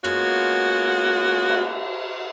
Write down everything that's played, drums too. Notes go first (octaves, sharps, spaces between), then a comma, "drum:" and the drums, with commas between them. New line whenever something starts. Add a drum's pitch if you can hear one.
G#3 A#3 B3 C#4 F4 F#4, drum: rim click
drum: cymbal